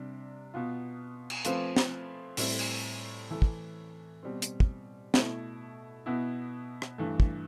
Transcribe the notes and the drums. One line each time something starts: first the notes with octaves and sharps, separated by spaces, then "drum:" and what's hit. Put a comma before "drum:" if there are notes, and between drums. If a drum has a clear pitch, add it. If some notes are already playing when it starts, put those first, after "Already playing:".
Already playing: C3 G3 D4
B2 B3 F4
drum: cymbal
F3 A3 C4 F4 B4, drum: hi-hat
drum: snare
A2 G3 C4 E4, drum: open hi-hat
drum: cymbal
E3 A3 E4 A4
drum: kick
B2 G3 C4
drum: hi-hat
drum: kick
B2 A3 E4, drum: snare
B2 B3 E4
drum: rim click
G2 E3 A3
drum: kick